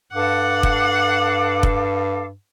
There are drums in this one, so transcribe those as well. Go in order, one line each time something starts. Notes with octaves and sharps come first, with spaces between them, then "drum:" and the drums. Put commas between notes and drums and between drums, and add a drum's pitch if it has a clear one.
G2 A4 F5 F#5 D6
drum: kick F1
drum: kick F1